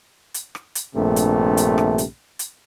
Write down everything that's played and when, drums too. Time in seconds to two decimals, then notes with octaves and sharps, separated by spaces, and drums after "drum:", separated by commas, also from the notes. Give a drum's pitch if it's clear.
0.34 drum: hi-hat
0.55 drum: rim click
0.75 drum: hi-hat
0.96 A#1 G2 C3 A3
1.16 drum: hi-hat
1.57 drum: hi-hat
1.78 drum: rim click
1.98 drum: hi-hat
2.39 drum: hi-hat